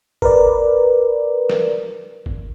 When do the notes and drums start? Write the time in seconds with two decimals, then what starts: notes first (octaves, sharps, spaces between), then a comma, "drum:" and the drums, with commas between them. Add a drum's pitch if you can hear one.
0.22 A#4 B4 D5, drum: kick
1.50 drum: snare
2.26 drum: kick